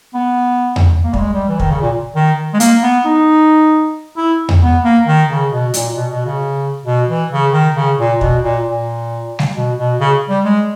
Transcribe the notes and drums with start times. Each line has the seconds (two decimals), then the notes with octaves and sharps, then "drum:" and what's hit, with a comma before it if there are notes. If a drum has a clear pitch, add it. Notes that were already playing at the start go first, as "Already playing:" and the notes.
0.15 B3
0.76 drum: tom E2
1.04 A#3
1.14 G3, drum: kick
1.19 G#3
1.34 G3
1.49 E3
1.60 D#3, drum: kick
1.70 C#3
1.82 A#2
2.16 D#3
2.54 G#3
2.60 A#3, drum: hi-hat
2.83 B3
3.05 D#4
4.17 E4
4.49 drum: tom E2
4.62 B3
4.84 A#3
5.07 D#3
5.29 C#3
5.52 B2
5.74 A#2, drum: hi-hat
5.96 B2
6.12 B2
6.26 C#3
6.86 B2
7.09 E3
7.31 C#3
7.53 D#3
7.76 C#3
7.98 A#2
8.21 B2, drum: kick
8.42 A#2
8.66 A#2
9.39 drum: snare G3
9.55 B2
9.77 B2
10.00 C#3
10.29 G3
10.45 G#3